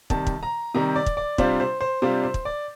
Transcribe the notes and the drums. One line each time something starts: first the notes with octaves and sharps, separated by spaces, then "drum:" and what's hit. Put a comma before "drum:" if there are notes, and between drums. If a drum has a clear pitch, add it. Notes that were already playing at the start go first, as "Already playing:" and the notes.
C3 D#3 G3 A5, drum: kick
drum: kick
A#5
C3 D#3 G3 A#5
D5
drum: kick
D5
C3 G3 D4 F4 C5, drum: kick
C5
C5
C3 G3 D4 F4 C5
C5
drum: kick
D5